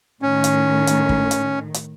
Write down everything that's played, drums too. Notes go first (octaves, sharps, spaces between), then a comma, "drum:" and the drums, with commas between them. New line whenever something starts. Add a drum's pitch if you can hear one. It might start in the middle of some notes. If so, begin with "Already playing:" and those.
A2 D#3 C#4
drum: hi-hat
drum: hi-hat
drum: kick
drum: hi-hat
drum: hi-hat